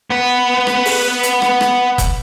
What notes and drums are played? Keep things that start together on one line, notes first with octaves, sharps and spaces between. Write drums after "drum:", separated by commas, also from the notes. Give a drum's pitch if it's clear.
B3 B4
drum: rim click
drum: open hi-hat
drum: hi-hat
drum: rim click
drum: rim click
drum: kick F1, hi-hat